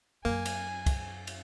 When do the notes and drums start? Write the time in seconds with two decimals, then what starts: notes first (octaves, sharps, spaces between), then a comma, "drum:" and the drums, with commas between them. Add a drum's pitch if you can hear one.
0.25 F#2 A#3 G#5
0.45 drum: cymbal
0.86 drum: kick, cymbal
1.27 drum: cymbal